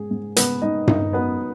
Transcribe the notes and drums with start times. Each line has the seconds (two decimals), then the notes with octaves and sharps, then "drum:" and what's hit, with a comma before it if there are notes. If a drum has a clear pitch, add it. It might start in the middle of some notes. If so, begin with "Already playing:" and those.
Already playing: G#2 C#4 G#4
0.11 G#2
0.36 G#2 B3 B4, drum: hi-hat
0.62 G#2 D#4 D#5
0.87 C#4 D#4 D#5, drum: tom G2
1.13 F#3 B3 B4